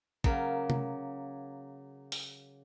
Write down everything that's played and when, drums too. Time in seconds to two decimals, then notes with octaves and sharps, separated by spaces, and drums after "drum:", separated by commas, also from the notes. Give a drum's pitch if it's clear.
0.24 C#3 F#3 A#3, drum: kick
0.70 drum: tom C3
2.12 drum: open hi-hat